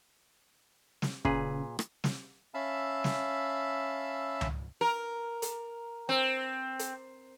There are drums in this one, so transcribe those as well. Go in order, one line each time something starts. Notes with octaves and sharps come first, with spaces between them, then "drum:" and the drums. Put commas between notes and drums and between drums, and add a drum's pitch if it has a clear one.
drum: snare
A#2 C#3 G#4 B4, drum: kick
drum: rim click
drum: snare
C#4 E5 F5 A5 B5 E6
drum: snare
drum: tom C#2
A#4
drum: hi-hat
C4
drum: hi-hat